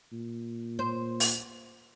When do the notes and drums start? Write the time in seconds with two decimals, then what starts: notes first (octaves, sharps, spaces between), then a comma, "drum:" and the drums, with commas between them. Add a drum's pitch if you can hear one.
0.12 A#2
0.79 C5
1.20 drum: open hi-hat